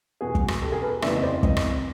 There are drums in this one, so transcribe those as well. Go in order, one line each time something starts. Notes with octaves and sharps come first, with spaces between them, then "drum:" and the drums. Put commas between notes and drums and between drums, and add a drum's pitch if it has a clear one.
E2 B2 F#4 G#4
drum: kick
drum: rim click
G4 A4
G#4 A#4
A4 B4
F1 D#2 C#3 E3 D5 E5, drum: rim click
D#5
C5 D5
D#5, drum: kick
drum: rim click